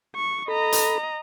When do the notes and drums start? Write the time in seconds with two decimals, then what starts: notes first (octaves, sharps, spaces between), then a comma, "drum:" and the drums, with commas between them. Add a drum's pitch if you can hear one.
0.15 C#6
0.48 A4 D#5 A#5 B5
0.72 drum: hi-hat